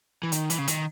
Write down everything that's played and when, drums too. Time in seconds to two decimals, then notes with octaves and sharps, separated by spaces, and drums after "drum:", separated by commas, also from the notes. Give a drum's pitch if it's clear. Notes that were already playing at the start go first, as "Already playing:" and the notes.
0.23 E3
0.32 D#3, drum: hi-hat
0.50 E3, drum: hi-hat
0.58 C#3
0.68 D#3, drum: hi-hat